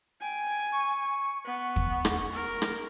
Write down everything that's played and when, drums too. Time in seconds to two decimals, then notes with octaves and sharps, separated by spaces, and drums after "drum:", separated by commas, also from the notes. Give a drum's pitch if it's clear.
0.21 G5 G#5
0.72 C#6
1.45 B3 C#6
1.76 drum: kick
2.05 drum: rim click
2.33 A#4
2.62 drum: rim click